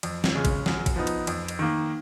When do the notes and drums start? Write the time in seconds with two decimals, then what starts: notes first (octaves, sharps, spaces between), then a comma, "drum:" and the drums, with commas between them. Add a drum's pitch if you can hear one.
0.03 F2, drum: cymbal
0.24 drum: snare
0.35 C#3 G#3 C#4
0.45 drum: kick A1, cymbal
0.66 F#2, drum: snare
0.86 drum: kick A1, cymbal
0.96 F3 B3 D#4
1.07 drum: cymbal
1.27 F2, drum: cymbal
1.48 drum: cymbal
1.59 D#3 A#3